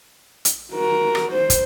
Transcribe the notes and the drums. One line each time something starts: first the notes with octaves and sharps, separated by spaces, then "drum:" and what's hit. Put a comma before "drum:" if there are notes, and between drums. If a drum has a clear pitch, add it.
drum: hi-hat
F#4 A#4
drum: rim click
C5
drum: kick, hi-hat